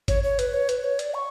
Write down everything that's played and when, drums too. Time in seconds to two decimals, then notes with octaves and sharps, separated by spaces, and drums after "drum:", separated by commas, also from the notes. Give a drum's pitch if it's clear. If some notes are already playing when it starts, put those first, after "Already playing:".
0.08 C#5, drum: kick G1, hi-hat
0.23 C#5
0.39 B4, drum: hi-hat
0.54 C#5
0.69 B4, drum: hi-hat
0.84 C#5
0.99 D5, drum: hi-hat
1.14 C#6